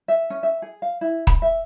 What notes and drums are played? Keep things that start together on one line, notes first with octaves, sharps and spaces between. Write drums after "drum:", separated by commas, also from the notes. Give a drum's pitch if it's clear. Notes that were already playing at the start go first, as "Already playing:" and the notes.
E5
C#4
E5
G#4
F5
E4
B5, drum: kick
E5